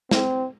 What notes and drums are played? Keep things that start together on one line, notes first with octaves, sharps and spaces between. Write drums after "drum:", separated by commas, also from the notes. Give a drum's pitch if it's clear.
C4, drum: snare